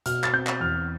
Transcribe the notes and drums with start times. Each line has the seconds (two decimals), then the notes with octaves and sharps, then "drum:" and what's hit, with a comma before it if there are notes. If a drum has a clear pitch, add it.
0.06 B2 F6, drum: hi-hat
0.24 A6, drum: clap
0.33 C4 G6
0.47 drum: clap
0.60 E2 F6